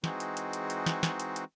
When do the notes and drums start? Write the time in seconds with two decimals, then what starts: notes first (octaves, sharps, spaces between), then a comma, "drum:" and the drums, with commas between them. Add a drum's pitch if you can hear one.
0.04 E3 G#3 C4 D#4 F#4 G#4, drum: snare
0.20 drum: hi-hat
0.37 drum: hi-hat
0.53 drum: hi-hat
0.70 drum: hi-hat
0.86 drum: snare
1.03 drum: snare
1.20 drum: hi-hat
1.36 drum: hi-hat